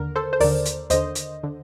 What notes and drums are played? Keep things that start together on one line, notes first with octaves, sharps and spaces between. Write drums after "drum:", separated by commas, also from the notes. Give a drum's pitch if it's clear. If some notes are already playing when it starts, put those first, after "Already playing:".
Already playing: D#2 D3 A#4
A4 C5
C5
D#2 D3 A#4 D5, drum: open hi-hat
drum: hi-hat
D#2 D3 C5 D#5, drum: hi-hat
drum: hi-hat
D3